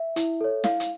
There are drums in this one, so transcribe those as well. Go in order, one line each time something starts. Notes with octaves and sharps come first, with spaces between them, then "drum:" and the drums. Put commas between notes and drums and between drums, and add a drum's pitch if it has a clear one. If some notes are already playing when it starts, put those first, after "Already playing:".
Already playing: E5
E4, drum: hi-hat
A4 C#5
E4 F5, drum: snare
drum: hi-hat